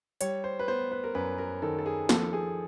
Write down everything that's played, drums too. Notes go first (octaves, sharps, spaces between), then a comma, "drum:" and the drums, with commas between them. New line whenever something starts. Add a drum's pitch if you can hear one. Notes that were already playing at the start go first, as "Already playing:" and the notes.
G3 C#5, drum: hi-hat
C5
B4
B3 C5
B4
A#4
F#2 B4
A#4
D#3 A4
A4
G#4
F3 A4, drum: snare
G#4